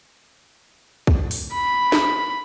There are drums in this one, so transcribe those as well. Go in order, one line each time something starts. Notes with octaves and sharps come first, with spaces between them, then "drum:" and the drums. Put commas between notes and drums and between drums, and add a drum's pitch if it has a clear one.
drum: kick
drum: open hi-hat
B5
drum: snare